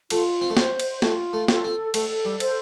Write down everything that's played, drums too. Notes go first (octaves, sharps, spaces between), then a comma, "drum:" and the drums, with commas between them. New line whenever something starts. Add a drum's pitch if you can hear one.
A3 F4, drum: cymbal
C4
A3
C4 C5, drum: snare
drum: cymbal
A3 F4, drum: snare
A3
A4, drum: snare
C4
A3 A4, drum: cymbal
G3
C5, drum: cymbal